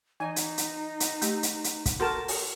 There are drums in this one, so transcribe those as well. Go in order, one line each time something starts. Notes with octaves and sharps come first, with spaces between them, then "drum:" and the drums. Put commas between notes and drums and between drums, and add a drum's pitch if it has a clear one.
E3 D#4 G#5
drum: hi-hat
drum: hi-hat
drum: hi-hat
A3 G4, drum: hi-hat
drum: hi-hat
drum: hi-hat
drum: kick, hi-hat
F#4 A4 A#4 A5 C6
drum: open hi-hat